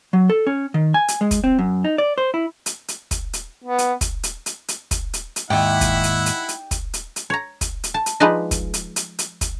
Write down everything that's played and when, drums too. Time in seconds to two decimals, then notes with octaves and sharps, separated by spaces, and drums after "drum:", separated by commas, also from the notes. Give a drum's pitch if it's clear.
0.13 F#3
0.29 A4
0.47 C#4
0.74 D#3
0.94 G#5
1.08 drum: hi-hat
1.21 G#3
1.31 drum: kick, hi-hat
1.44 C4
1.59 F#2
1.84 D#4
1.98 D5
2.18 C5
2.34 E4
2.66 drum: hi-hat
2.88 drum: hi-hat
3.11 drum: kick, hi-hat
3.33 drum: hi-hat
3.64 B3
3.78 drum: hi-hat
4.01 drum: kick, hi-hat
4.23 drum: hi-hat
4.46 drum: hi-hat
4.68 drum: hi-hat
4.91 drum: kick, hi-hat
5.13 drum: hi-hat
5.36 drum: hi-hat
5.50 D#2 G#2 D#4 E4 G4 E5 F#5
5.81 drum: kick, hi-hat
6.03 drum: hi-hat
6.26 drum: hi-hat
6.49 drum: hi-hat
6.71 drum: kick, hi-hat
6.94 drum: hi-hat
7.16 drum: hi-hat
7.30 C#5 A#5
7.61 drum: kick, hi-hat
7.84 drum: hi-hat
7.94 A5
8.06 drum: hi-hat
8.20 F3 G#3 D#4 B4 D5 D#5
8.51 drum: kick, hi-hat
8.74 drum: hi-hat
8.96 drum: hi-hat
9.19 drum: hi-hat
9.41 drum: kick, hi-hat